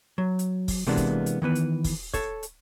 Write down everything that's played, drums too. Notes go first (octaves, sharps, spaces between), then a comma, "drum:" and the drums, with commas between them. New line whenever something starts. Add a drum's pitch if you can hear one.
F#3
drum: hi-hat
drum: kick, open hi-hat
C3 E3 G#3 A#3 B3 D4
drum: kick, hi-hat
drum: hi-hat
D#3 E3 B3 B4
drum: hi-hat
drum: kick, open hi-hat
A4 C#5, drum: kick, hi-hat
drum: hi-hat